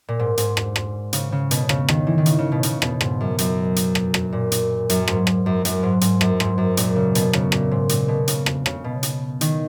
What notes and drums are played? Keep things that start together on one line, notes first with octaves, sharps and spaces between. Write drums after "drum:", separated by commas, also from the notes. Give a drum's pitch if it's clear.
A#2
G#2
G#2, drum: hi-hat
drum: rim click
drum: rim click
C#3, drum: hi-hat
C#3
B2, drum: hi-hat
C#3, drum: rim click
D#3, drum: rim click
E3
D#3
C#3, drum: hi-hat
C#3
B2
C#3, drum: hi-hat
B2, drum: rim click
G#2, drum: rim click
F#2
F#2, drum: hi-hat
drum: hi-hat
drum: rim click
drum: rim click
A#2
drum: hi-hat
F#2, drum: hi-hat
G#2, drum: rim click
drum: rim click
F#2
F#2, drum: hi-hat
G#2
G#2, drum: hi-hat
F#2, drum: rim click
G#2, drum: rim click
F#2
A#2, drum: hi-hat
C#3
B2, drum: hi-hat
C#3, drum: rim click
A#2, drum: rim click
G#2
A#2, drum: hi-hat
B2
C#3, drum: hi-hat
drum: rim click
C#3, drum: rim click
B2
drum: hi-hat
D#3, drum: hi-hat